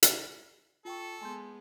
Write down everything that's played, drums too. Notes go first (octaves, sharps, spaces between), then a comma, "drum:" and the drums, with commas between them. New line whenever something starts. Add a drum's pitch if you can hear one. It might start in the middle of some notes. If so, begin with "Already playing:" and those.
drum: hi-hat
F4 A4 G5 C#6
G#3 B3 G#5 C6 G6